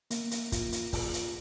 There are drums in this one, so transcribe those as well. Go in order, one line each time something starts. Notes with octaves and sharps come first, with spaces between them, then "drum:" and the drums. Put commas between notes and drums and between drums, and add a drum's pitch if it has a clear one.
A#3, drum: hi-hat
drum: hi-hat
F4, drum: kick, hi-hat
drum: hi-hat
F4, drum: kick, open hi-hat
drum: hi-hat